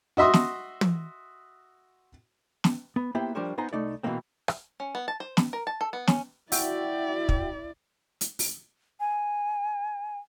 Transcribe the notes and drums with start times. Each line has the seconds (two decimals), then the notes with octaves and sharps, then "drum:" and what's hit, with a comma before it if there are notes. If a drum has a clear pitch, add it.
0.17 F#4 D#5 E5 C6 D#6
0.34 drum: snare
0.81 drum: tom
2.64 drum: snare
2.96 B3
3.15 A#3 B3 E4 G4 C5
3.35 F3 G3 D4 A#4 C5 C#5
3.58 B3 D#4 C5 G#5 A#5 C6
3.73 C2 A3 D#4 D5
4.03 B2 D3 E3 G#3 A#3 C4
4.48 drum: rim click
4.80 C#4
4.95 B3
5.08 A5
5.20 C5
5.37 B5, drum: snare
5.53 A#4
5.67 A5
5.81 A4
5.93 B3
6.07 C#4, drum: snare
6.52 E4 F#4 D5 E5 G5, drum: open hi-hat
7.29 drum: kick
8.21 drum: hi-hat
8.39 drum: open hi-hat
9.00 G#5